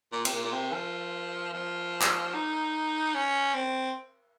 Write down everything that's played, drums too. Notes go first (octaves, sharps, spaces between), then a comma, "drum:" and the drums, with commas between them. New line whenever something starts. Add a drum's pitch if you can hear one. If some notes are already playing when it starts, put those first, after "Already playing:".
A#2
C3, drum: cymbal
A#2
A#2
C3
F3
F3
drum: clap
D#4
C#4
C4